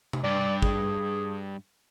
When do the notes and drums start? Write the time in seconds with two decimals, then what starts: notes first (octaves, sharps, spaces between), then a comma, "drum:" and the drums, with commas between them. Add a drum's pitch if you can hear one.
0.13 drum: tom C3
0.24 G2 D5
0.62 G#4, drum: kick